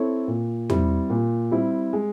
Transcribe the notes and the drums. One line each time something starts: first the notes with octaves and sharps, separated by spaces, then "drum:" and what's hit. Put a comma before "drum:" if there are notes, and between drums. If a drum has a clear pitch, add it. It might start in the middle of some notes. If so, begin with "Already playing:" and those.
Already playing: C4 E4 A4 C#5
A#2
G3 C4 E4, drum: tom E2
A#2
G3 C4 E4
G#3